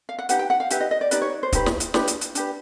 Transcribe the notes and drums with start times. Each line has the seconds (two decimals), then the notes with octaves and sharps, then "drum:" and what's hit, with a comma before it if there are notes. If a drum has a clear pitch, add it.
0.09 F5
0.19 F#5
0.29 D#4 G4 B4 F#5, drum: hi-hat
0.39 G5
0.50 F#5
0.60 F5
0.70 D#4 G4 B4 E5, drum: hi-hat
0.81 D#5
0.91 D#5
1.01 D5
1.11 D#4 G4 B4 D5, drum: hi-hat
1.22 C#5
1.43 C5
1.52 D#4 G4 B4, drum: kick, hi-hat
1.66 drum: snare
1.80 drum: hi-hat
1.94 D4 G4 B4, drum: snare
2.07 drum: hi-hat
2.21 drum: hi-hat
2.35 D4 G4 B4, drum: hi-hat